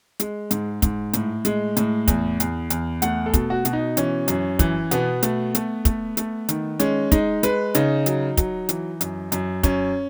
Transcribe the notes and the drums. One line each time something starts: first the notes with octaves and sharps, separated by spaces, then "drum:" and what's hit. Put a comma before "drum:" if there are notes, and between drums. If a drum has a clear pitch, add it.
G#3, drum: hi-hat
G#2, drum: hi-hat
G#2, drum: kick, hi-hat
A2, drum: hi-hat
G#3, drum: hi-hat
A2, drum: hi-hat
E2, drum: kick, hi-hat
E2, drum: hi-hat
E2, drum: hi-hat
A3 F#5, drum: hi-hat
A4
B2, drum: kick, hi-hat
F#4
B2, drum: hi-hat
D#4
E3 C#4, drum: hi-hat
F#2, drum: hi-hat
E3, drum: kick, hi-hat
B2 B3, drum: hi-hat
A3, drum: hi-hat
A3, drum: hi-hat
A3, drum: kick, hi-hat
A3, drum: hi-hat
D#3, drum: hi-hat
G#3 C#4, drum: hi-hat
G#3 D#4, drum: kick, hi-hat
G#3 B4, drum: hi-hat
C#3 D#4, drum: hi-hat
F#3, drum: hi-hat
F#3, drum: kick, hi-hat
E3, drum: hi-hat
F#2, drum: hi-hat
F#2, drum: hi-hat
F#2 C#4, drum: kick, hi-hat